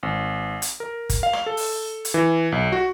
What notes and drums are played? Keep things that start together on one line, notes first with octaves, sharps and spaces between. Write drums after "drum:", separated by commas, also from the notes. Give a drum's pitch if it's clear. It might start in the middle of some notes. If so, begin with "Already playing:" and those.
G#1
drum: hi-hat
A#4
drum: kick G#1, hi-hat
F5
drum: rim click
A4
drum: open hi-hat
drum: hi-hat
E3
B1
F#4